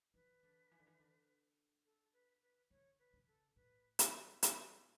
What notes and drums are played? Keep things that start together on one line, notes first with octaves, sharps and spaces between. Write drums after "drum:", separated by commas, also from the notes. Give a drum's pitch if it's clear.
E3 B4
D3
E3
D3
E3
D3
A4
B4
B4
D3 C#5
B4
C#3
A4
A2 B4
B4, drum: hi-hat
B4, drum: hi-hat